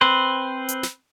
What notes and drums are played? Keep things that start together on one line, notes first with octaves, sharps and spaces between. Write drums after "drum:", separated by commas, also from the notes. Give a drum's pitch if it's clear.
C4 B4 C5
drum: hi-hat
drum: snare